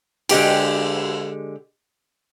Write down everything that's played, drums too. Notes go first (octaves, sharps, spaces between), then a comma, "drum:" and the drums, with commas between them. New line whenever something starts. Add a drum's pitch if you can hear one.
D3 G#3 G4 G5, drum: cymbal